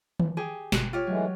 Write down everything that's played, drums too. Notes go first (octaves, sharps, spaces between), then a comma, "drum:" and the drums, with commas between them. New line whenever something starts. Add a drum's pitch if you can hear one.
drum: tom D#3
G4 G#4 G5
G1 B2 F#6, drum: snare
F4 G4 C#5
E3 F#3 G#3 A3